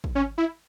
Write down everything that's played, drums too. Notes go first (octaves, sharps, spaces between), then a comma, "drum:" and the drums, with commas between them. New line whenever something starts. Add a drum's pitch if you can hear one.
drum: kick
C#4
E4